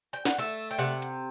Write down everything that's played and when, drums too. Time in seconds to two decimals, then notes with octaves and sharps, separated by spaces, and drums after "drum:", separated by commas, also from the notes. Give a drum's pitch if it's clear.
0.13 G5
0.25 F#5, drum: snare
0.38 A3 E5
0.71 G5
0.78 C3 F#5
1.02 drum: hi-hat